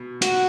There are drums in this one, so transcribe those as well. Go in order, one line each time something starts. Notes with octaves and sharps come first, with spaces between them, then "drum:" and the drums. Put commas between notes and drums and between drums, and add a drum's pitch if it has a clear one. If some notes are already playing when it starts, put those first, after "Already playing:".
Already playing: B2
F#4, drum: hi-hat